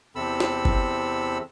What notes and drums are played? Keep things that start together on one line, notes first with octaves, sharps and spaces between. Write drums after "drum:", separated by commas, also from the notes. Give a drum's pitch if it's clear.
E2 C3 C4 A4 B5 E6
drum: snare
drum: kick G1